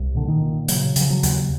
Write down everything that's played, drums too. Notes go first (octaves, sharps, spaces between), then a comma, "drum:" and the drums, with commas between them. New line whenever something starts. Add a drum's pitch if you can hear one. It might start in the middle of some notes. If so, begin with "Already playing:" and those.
Already playing: C2
A#2 D3
D#3
A#2
C#3 F#3, drum: hi-hat
C#3, drum: hi-hat
F3
F#3
D#2, drum: hi-hat